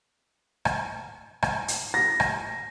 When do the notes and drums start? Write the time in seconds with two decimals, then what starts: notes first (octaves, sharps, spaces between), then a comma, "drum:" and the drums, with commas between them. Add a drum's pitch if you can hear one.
0.65 drum: rim click
1.42 drum: rim click
1.68 drum: hi-hat
1.94 A#6
2.20 drum: rim click